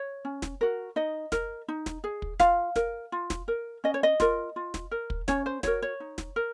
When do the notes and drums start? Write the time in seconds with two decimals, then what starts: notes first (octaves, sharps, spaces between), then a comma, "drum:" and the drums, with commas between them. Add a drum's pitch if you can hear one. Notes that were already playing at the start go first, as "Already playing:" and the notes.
Already playing: C#5
0.25 C#4
0.42 drum: snare
0.61 F#4 A#4
0.96 D#4 D#5
1.32 A#4, drum: snare
1.68 D#4
1.86 drum: snare
2.04 G#4
2.22 drum: kick
2.40 F4 F5, drum: snare
2.76 A#4, drum: snare
3.12 F4
3.30 drum: snare
3.48 A#4
3.84 C#4 D#5
3.94 C#5
4.03 D#5
4.20 F4 A#4, drum: snare
4.56 F4
4.74 drum: snare
4.91 A#4
5.10 drum: kick
5.28 C#4 C#5, drum: snare
5.46 C5
5.63 F#4 A#4 C#5, drum: snare
5.82 C#5
6.00 D#4
6.18 drum: snare
6.36 A#4